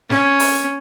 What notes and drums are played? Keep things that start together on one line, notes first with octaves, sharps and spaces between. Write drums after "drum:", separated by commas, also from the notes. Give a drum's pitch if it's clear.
C#4, drum: snare
drum: open hi-hat